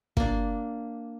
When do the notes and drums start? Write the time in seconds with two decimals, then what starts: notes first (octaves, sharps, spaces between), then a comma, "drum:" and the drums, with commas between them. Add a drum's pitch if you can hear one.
0.17 A#3 D4, drum: kick